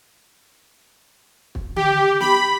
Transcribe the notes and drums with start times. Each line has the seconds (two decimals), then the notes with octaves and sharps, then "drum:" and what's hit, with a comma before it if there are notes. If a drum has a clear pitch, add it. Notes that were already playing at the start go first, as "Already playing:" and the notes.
1.55 drum: kick
1.76 G4, drum: tom D3
2.20 B5, drum: snare